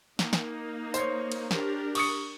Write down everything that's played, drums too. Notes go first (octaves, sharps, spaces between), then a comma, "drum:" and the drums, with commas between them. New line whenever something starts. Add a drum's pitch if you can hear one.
A#3 D#4, drum: snare
drum: snare
C5 C#5, drum: tambourine
drum: cymbal
D4 G4 A#4, drum: snare
C#6 D#6 C#7, drum: cymbal